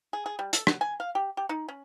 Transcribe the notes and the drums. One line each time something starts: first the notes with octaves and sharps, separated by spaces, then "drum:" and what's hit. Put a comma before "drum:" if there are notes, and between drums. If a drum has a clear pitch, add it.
G#4
G#4
G3
A4, drum: hi-hat
F#3, drum: rim click
G#5
F5
G4
G4
D#4
C#4